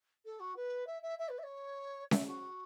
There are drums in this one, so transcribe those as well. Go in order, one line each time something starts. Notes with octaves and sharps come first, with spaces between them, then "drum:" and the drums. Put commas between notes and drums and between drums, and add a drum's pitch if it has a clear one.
A4
F#4
B4
E5
E5
E5
B4
E5
C#5
E5, drum: snare C#4
F#4